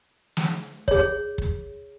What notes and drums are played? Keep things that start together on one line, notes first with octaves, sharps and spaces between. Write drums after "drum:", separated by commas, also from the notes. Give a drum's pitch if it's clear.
drum: snare
G#4 C#5, drum: kick
drum: kick